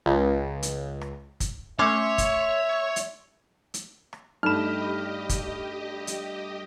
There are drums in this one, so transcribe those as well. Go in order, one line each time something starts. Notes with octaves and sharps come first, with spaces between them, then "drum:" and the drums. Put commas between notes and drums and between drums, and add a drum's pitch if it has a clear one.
C#2
drum: hi-hat
drum: rim click
drum: kick, hi-hat
A3 C#4 C#5 E5 C6 D6
drum: kick, hi-hat
drum: hi-hat
drum: hi-hat
drum: rim click
G2 A3 D#4 G4 D#5 B5 F6 E7
drum: kick, hi-hat
drum: hi-hat